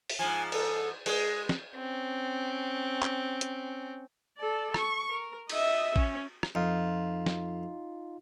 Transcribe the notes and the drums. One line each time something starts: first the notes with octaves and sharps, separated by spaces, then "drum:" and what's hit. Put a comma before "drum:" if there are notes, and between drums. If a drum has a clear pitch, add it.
drum: open hi-hat
G#2 F3 G#5
A4, drum: cymbal
G#3 G#4, drum: cymbal
drum: snare
C4 C#4
drum: clap
drum: hi-hat
A4 D5
C#6, drum: rim click
A#4
D#5 E5, drum: cymbal
C#4, drum: kick
drum: rim click
F2 D#4 F4
drum: snare